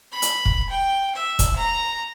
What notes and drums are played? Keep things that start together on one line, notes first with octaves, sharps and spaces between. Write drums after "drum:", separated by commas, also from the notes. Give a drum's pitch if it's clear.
B5
drum: hi-hat
drum: kick
G5
E5
drum: kick, hi-hat
A#5